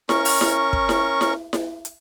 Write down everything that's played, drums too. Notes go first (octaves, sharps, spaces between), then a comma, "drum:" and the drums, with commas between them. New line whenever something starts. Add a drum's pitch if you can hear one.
C#4 A#4 C#6, drum: snare E4
drum: open hi-hat
drum: snare E4
drum: kick
drum: snare E4
drum: snare E4
drum: snare E4
drum: hi-hat